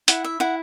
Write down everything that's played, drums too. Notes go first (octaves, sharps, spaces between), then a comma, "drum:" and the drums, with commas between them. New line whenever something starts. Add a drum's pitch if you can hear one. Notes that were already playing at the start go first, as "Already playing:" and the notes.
E4 F#5, drum: hi-hat
E5
E4 F#5